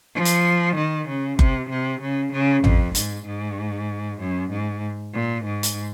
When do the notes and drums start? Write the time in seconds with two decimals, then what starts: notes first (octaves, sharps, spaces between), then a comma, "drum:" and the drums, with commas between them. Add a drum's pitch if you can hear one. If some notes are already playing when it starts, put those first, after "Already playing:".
0.15 F3
0.25 drum: hi-hat
0.76 D#3
1.08 C#3
1.39 C3, drum: kick F#1
1.70 C3
2.02 C#3
2.32 C#3
2.64 F2, drum: tom A1
2.95 G#2, drum: hi-hat
3.26 G#2
4.20 F#2
4.51 G#2
5.14 A#2
5.45 G#2
5.63 drum: hi-hat